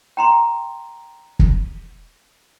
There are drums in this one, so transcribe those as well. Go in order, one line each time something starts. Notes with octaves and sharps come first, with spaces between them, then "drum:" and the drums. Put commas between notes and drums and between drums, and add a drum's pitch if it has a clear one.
G5 A#5 C6
drum: kick